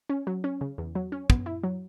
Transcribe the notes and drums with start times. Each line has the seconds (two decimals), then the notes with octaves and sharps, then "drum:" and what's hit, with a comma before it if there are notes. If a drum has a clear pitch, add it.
0.09 C#4
0.27 F#3
0.44 C#4
0.61 C#3
0.78 E2
0.95 F#3
1.12 C#4
1.30 B3, drum: kick
1.46 E4
1.63 F#3